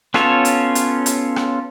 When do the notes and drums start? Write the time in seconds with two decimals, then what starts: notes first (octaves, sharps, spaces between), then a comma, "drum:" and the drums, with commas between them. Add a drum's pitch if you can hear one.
0.14 B3 C#4 F4 A4 C#5, drum: rim click
0.45 drum: hi-hat
0.75 drum: hi-hat
1.06 drum: hi-hat
1.36 drum: rim click